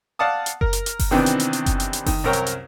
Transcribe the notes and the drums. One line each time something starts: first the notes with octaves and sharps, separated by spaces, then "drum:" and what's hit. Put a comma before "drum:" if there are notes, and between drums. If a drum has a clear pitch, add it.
D5 F5 F#5 A5 D#6
drum: hi-hat
A#4, drum: kick F#1
drum: hi-hat
drum: hi-hat
drum: kick F#1, open hi-hat
C3 D#3 E3 B3 C4 D4
drum: hi-hat
drum: hi-hat
drum: hi-hat
drum: kick F#1, hi-hat
drum: hi-hat
drum: hi-hat
D#3, drum: kick F#1, open hi-hat
C2 F#2 A#4 C#5 G5
drum: hi-hat
drum: hi-hat